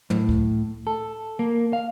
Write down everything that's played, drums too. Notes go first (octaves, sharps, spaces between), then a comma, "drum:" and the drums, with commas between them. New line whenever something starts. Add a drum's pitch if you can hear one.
A2, drum: tom
drum: kick C#2
A4
A#3
F5